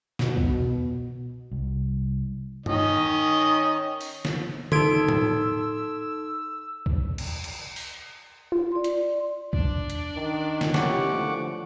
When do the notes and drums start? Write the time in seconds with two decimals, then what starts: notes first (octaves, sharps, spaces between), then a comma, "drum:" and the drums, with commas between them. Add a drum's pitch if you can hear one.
0.19 B2, drum: snare
0.37 drum: kick
1.51 C2
2.66 D#3 C#4 D#5, drum: tom G2
4.01 drum: open hi-hat
4.25 drum: snare
4.72 D#4 A4 C6 E6 G#6 D7, drum: tom D3
5.09 drum: tom A2
6.86 drum: kick
7.18 drum: cymbal
7.44 drum: cymbal
7.76 drum: open hi-hat
8.52 F4
8.72 D5 C6
8.84 drum: hi-hat
9.53 D4 D5, drum: kick
9.90 drum: hi-hat
10.16 D#3
10.61 drum: snare
10.74 C#4 E4 G4 F#5 C#6 D6, drum: snare
11.12 D3 F3 A3